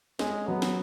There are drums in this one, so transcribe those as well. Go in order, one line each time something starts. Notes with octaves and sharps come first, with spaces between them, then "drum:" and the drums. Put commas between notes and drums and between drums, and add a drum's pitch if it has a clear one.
G#3 C#4, drum: snare
F#3 B3
drum: snare